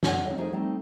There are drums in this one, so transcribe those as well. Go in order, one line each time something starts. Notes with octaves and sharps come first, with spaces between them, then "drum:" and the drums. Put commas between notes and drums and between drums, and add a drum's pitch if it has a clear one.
F#2 D3 G#3 C#4 C#5 F#5, drum: snare
A#3 C4 C#4 D#4 G#4 D#5
A3 D#4 G#4 A#4 C5 E5
G3 A3 C4 D#4